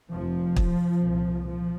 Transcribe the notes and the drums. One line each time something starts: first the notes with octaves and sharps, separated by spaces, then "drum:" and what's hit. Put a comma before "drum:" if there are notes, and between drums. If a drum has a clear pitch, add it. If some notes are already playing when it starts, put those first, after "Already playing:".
F1 F2 C3 F3
drum: kick
C2 A#2
F3